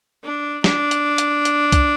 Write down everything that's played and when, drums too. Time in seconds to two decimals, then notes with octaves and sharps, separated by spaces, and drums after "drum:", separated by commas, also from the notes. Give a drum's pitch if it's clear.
0.23 D4
0.64 D4, drum: snare
0.91 drum: hi-hat
1.18 drum: hi-hat
1.45 drum: hi-hat
1.72 drum: kick C2, hi-hat